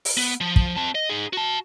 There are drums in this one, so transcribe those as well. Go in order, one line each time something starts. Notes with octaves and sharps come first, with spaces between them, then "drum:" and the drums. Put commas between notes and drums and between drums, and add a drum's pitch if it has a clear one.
drum: open hi-hat
B3
F3
drum: kick
C4 A5
D#5
D#4 G#4
F#4 A5